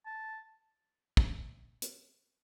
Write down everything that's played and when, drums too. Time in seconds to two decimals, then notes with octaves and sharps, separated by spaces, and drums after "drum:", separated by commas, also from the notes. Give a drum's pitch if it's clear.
0.06 A5
1.17 drum: kick
1.82 drum: hi-hat